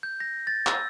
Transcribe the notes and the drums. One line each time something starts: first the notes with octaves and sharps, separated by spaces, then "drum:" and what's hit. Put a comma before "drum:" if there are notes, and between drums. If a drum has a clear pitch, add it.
G6
A#6
A6
E6, drum: clap